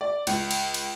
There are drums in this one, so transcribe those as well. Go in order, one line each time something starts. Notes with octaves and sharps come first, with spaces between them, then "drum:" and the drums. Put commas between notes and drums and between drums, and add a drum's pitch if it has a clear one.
D5
C#2, drum: cymbal
drum: cymbal
drum: cymbal